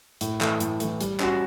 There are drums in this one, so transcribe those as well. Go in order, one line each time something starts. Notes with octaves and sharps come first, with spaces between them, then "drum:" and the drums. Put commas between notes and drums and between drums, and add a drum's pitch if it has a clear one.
A2, drum: hi-hat
E3 A3, drum: clap
A2, drum: hi-hat
E3 A3, drum: hi-hat
G3, drum: hi-hat
C#4 F#4, drum: clap